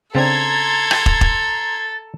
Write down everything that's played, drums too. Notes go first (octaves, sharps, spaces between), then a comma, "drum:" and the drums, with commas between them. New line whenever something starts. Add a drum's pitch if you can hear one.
C#3 C4 D4 A4 A#5 C6 G#6 A6
drum: rim click
drum: kick
drum: kick